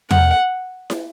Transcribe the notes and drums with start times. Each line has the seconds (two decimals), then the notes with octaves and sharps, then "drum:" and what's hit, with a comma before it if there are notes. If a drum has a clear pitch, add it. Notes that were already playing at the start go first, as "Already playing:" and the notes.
0.11 F#5, drum: tom E2
0.90 drum: snare